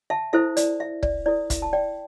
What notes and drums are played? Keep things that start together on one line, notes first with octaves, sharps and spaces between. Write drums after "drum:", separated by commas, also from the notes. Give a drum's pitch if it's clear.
E5 A5
E4 A4 C5 E5
D5, drum: hi-hat
E5
D5, drum: kick
E4 A4 C5 D5
E5, drum: kick, hi-hat
A5
D5 G5